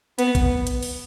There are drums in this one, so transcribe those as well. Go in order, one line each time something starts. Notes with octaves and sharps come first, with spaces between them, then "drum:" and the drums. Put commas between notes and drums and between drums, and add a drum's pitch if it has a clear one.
B3, drum: hi-hat
drum: kick A1, hi-hat
drum: hi-hat
drum: open hi-hat